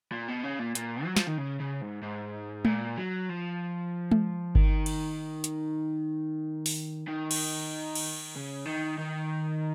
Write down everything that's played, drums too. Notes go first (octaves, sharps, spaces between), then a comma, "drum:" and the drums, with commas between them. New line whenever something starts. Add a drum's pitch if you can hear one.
A#2
B2
C#3
A#2
A#2, drum: hi-hat
F#3
F3, drum: snare
D#3
C#3
C#3
G#2
G#2
A#2, drum: tom G#3
F#3
F3
drum: tom G#3
D#3, drum: kick G1
drum: cymbal
drum: hi-hat
drum: open hi-hat
D#3
drum: cymbal
drum: cymbal
C#3
D#3
D#3